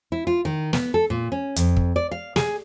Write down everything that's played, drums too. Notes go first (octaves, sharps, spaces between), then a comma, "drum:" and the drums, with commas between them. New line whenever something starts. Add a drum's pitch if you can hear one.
E4
F4
D#3
B3, drum: snare
A4
A#2
C#4
F2, drum: hi-hat
drum: kick
D5
F5
G#4, drum: snare